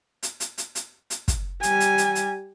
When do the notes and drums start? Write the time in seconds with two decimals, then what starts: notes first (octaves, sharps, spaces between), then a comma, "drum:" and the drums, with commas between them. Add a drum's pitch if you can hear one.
0.23 drum: hi-hat
0.40 drum: hi-hat
0.58 drum: hi-hat
0.75 drum: hi-hat
1.10 drum: hi-hat
1.28 drum: kick, hi-hat
1.63 G3 G#5, drum: hi-hat
1.80 drum: hi-hat
1.98 drum: hi-hat
2.15 drum: hi-hat